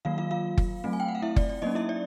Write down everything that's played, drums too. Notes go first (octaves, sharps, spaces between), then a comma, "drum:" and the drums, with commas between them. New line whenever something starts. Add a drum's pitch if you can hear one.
D#3 F#3 A#3 F4 F5
F4 F5
F4 F5
drum: kick F#1
F#3 A3 C4
G#5
G5
F#5
F5
E4 E5
D5, drum: kick F#1
D5
F#3 A#3 C#4 D#4 D#5
E4 E5
D5